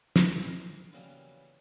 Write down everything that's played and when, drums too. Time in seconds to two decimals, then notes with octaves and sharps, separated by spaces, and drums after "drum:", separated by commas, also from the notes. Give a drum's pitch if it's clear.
0.16 A#2 A4 A#4 D#5, drum: snare
0.93 C#3 E3 F#3 G3 A#3 B3